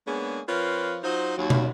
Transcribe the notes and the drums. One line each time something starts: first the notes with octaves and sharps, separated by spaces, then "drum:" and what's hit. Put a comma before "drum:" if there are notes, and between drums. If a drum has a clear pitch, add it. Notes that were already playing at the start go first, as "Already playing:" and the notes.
G#3 A#3 B3 C#4 D4 G#4
F3 C4 F4 A#4 B4 C#5
F#3 D#4 F4 C5
D#2 F#3
drum: tom B2